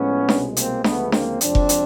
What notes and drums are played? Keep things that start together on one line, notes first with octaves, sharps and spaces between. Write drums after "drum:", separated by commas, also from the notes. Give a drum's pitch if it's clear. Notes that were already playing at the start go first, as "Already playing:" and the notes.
Already playing: A2 F3 G#3 B3 C#4
C2 B2 G#3, drum: snare D4
A#3 C4, drum: hi-hat
D2 C#3 F3 G#3 A3 B3, drum: snare D4
A#3 C4, drum: snare D4
F2 C3 F3 G#3 C4 D4, drum: hi-hat
drum: kick F1
drum: hi-hat